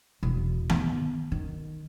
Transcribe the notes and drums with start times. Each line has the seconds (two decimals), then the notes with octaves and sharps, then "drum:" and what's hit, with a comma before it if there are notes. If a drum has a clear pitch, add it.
0.23 E1
0.70 B3, drum: tom D#3
1.32 D#3